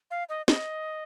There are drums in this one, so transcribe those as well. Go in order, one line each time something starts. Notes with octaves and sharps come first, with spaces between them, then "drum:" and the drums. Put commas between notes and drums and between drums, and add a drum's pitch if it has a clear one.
F5
D#5
D#5, drum: snare